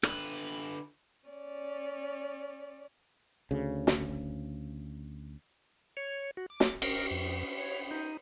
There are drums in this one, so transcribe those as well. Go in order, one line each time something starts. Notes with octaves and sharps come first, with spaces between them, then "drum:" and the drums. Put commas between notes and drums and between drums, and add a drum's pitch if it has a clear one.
D3 B4, drum: rim click
C#4 D5
D2 C#3
drum: snare
C#5
F#4
D6
drum: snare
A#4, drum: cymbal
F2
C#5
D#4